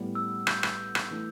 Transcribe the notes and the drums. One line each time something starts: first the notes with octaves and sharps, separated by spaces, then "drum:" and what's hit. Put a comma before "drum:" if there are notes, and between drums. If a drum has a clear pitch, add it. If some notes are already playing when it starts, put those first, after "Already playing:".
Already playing: A2 G3 B3
E6
G6, drum: rim click
drum: rim click
drum: rim click
E3 A3 D4